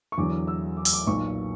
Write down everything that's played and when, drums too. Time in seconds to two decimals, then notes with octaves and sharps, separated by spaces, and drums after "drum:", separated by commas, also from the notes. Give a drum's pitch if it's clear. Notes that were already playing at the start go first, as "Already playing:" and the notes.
0.12 C#6
0.18 E2 D3 F#3 D6
0.47 E6
0.77 D6
0.85 E6, drum: open hi-hat
0.93 D6
1.06 B1 A#2 F#3 C#6